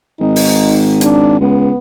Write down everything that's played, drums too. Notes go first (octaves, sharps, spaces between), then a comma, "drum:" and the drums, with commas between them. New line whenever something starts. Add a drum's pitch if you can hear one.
G#1 D#4
drum: open hi-hat
D4, drum: hi-hat
C#2 B3